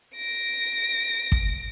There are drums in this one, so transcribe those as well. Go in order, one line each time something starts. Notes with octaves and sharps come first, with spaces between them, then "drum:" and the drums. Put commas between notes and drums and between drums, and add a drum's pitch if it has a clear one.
A#6 D7
drum: kick